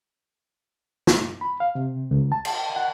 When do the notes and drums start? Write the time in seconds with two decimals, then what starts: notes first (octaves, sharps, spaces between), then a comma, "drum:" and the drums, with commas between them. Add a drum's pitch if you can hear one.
1.07 drum: snare
1.41 B5
1.60 F5
1.75 C3
2.11 C#2
2.32 A5
2.45 drum: cymbal
2.76 F#5